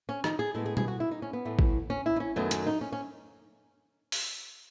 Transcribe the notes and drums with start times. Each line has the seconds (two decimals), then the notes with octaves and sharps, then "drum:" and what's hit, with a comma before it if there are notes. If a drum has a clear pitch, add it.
0.09 C#4
0.24 D#4, drum: rim click
0.39 G#4
0.54 A2 G#3 B3 A4
0.66 G#4
0.77 G#4, drum: tom B2
0.88 F#4
1.00 E4
1.11 D#4
1.22 C#4
1.33 B3
1.45 A2 E3 A3
1.59 drum: kick G#1
1.90 C#4
2.06 E4
2.16 D#4
2.20 C#4
2.36 F#2 D#3 F#3 A3 B3
2.51 C#4, drum: hi-hat
2.66 D#4
2.81 C#4
2.92 C#4
4.12 drum: open hi-hat